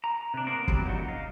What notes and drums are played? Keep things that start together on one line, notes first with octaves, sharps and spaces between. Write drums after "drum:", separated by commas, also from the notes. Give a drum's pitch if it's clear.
A#5
C3 D4
A#3 B3 A#4 C5
C3 F#3 G3, drum: kick
A#2 C#3 F#3 D#4 F#4
D#5 F5